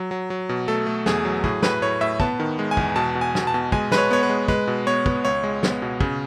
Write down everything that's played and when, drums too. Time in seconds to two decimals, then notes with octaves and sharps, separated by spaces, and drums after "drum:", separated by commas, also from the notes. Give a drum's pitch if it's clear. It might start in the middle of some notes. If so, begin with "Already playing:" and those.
Already playing: F#3
0.11 F#3
0.30 F#3
0.49 B2
0.68 A3 A4
0.87 A3
1.06 E2 G#4, drum: snare
1.25 F#3
1.44 A2 G#4, drum: kick
1.62 A2 B4, drum: snare
1.82 A2 C#5
2.01 A2 E5
2.20 B3 A5, drum: kick
2.40 D#3
2.59 G#3
2.71 G#5
2.77 E2, drum: kick
2.96 B2 A5
3.15 B2
3.21 G#5
3.35 B2, drum: snare
3.47 A5
3.54 B2
3.72 G#3 G#5, drum: kick
3.91 G#3 B4, drum: snare
3.98 C#5
4.11 B3 C#5
4.23 B4
4.29 G#3
4.48 G#3 B4, drum: kick
4.68 B2
4.87 B3 C#5
5.06 B3, drum: kick
5.25 C#2 C#5
5.44 G#3
5.63 B3, drum: snare
5.82 B2
6.00 C#3, drum: kick